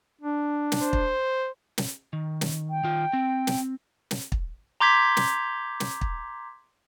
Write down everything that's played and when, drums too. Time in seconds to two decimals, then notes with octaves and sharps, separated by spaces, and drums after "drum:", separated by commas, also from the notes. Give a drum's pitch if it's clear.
0.21 D4
0.72 drum: snare
0.82 C5
0.93 drum: kick
1.78 drum: snare
2.13 D#3
2.41 drum: snare
2.70 G5
2.84 D#3 F4
3.13 C4
3.47 drum: snare
4.11 drum: snare
4.32 drum: kick
4.80 A#5 C6 D6 G6 G#6 B6
5.17 drum: snare
5.80 drum: snare
6.01 drum: kick